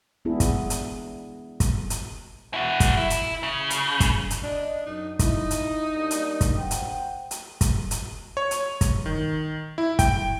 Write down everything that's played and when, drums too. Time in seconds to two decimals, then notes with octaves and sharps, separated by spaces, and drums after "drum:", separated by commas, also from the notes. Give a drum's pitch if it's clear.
0.25 G#3 B3 D4 E4 G#4
0.40 drum: kick, hi-hat
0.70 drum: hi-hat
1.60 drum: kick, hi-hat
1.90 drum: hi-hat
2.54 E4 F#4
2.80 drum: kick, hi-hat
2.97 E4
3.10 drum: hi-hat
3.43 C#3
3.70 drum: hi-hat
4.00 drum: kick, hi-hat
4.30 drum: hi-hat
4.43 D4 D#5
4.86 F#2 D#4
5.19 D#4 E4, drum: kick, hi-hat
5.51 drum: hi-hat
5.94 G3 A#3 D4
6.11 drum: hi-hat
6.41 drum: kick, hi-hat
6.57 C5 F#5 G5
6.71 drum: hi-hat
7.31 drum: hi-hat
7.61 drum: kick, hi-hat
7.91 drum: hi-hat
8.37 C#5
8.51 drum: hi-hat
8.81 drum: kick, hi-hat
9.06 D#3
9.78 E4
9.99 G5, drum: kick, hi-hat